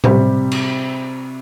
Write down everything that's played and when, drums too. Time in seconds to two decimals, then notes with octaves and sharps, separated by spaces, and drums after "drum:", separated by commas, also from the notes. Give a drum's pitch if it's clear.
0.04 C3 G3 C4 G4, drum: tom A2
0.51 drum: cymbal